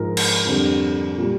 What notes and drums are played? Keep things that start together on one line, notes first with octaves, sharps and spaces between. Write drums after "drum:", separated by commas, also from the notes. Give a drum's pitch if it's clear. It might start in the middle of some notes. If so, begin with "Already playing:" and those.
Already playing: G#2 F3 A#4
drum: cymbal
F2 D3 G3
A#2 G3